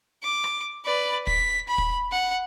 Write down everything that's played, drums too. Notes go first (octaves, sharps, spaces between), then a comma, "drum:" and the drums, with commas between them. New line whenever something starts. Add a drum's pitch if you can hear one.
D6
drum: rim click
B4 D5
B6, drum: kick
B5
drum: kick
F#5